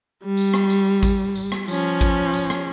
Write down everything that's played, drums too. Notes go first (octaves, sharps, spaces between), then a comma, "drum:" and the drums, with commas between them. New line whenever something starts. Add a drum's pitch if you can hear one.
G3
drum: tambourine
drum: rim click
drum: tambourine
drum: kick A1, tambourine
drum: tambourine
drum: rim click
F3 C#4, drum: tambourine
drum: kick A1, tambourine
drum: tambourine
drum: rim click